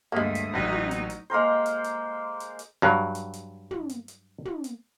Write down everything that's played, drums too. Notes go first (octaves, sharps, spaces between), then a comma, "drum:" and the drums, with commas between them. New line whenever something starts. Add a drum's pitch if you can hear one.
D2 G2 G#3 A#3 E5 D#6
drum: hi-hat
A1 F#3 D#4
drum: tom
drum: hi-hat
drum: hi-hat
G#3 A#3 A#4 C5
drum: hi-hat
drum: hi-hat
drum: hi-hat
drum: hi-hat
G2 F#3
drum: hi-hat
drum: hi-hat
drum: tom
drum: hi-hat
drum: hi-hat
drum: tom
drum: hi-hat